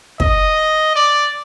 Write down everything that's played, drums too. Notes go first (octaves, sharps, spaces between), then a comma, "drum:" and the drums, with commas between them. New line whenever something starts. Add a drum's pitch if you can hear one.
D#5, drum: kick
D5